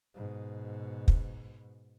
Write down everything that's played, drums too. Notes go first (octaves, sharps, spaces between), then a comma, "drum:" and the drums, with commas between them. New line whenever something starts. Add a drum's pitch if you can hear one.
G#2 B2
drum: kick